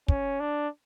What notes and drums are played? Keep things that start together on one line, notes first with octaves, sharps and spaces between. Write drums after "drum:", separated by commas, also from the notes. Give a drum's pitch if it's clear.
C#4, drum: kick
D4